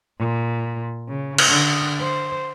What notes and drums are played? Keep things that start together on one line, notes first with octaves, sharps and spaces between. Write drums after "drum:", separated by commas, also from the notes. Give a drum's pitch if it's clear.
A#2
C#3
drum: cymbal
D3
C5